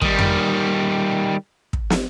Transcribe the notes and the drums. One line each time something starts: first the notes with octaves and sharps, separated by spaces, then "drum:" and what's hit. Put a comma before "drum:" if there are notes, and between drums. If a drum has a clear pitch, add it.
D#3 G3, drum: kick
drum: tom F2
drum: kick
drum: snare